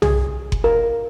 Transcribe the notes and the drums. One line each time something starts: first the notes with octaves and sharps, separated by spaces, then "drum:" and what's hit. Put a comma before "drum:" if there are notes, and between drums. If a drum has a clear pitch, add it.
G#4, drum: tom B1
drum: kick F#1
A#4